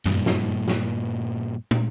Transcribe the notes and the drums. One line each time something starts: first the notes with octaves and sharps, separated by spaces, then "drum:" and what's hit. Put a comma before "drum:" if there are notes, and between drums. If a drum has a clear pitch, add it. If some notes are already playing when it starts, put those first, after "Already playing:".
G2 A#2, drum: tom F#2
drum: snare
drum: snare
drum: tom